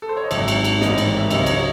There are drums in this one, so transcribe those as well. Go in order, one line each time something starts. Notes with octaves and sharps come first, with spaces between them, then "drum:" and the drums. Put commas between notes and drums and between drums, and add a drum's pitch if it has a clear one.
A4
C5
C#5
D#5
G#1 G#2 F#3 E5, drum: cymbal
drum: cymbal
drum: cymbal
A1 G#2 D#3 D#5, drum: snare
drum: cymbal
E5
C#2 C3 F#3 C#4 D#5, drum: cymbal
C#5, drum: cymbal
D#5